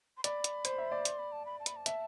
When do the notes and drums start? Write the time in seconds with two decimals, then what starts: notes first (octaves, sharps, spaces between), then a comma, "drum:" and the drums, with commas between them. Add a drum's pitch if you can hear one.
0.17 C6
0.24 D5 B5, drum: hi-hat
0.44 drum: hi-hat
0.65 C5, drum: hi-hat
0.78 E5
0.92 D5
1.05 C6, drum: hi-hat
1.19 B5
1.32 A5
1.46 B5
1.60 A5
1.66 B5, drum: hi-hat
1.76 A5
1.86 E5, drum: hi-hat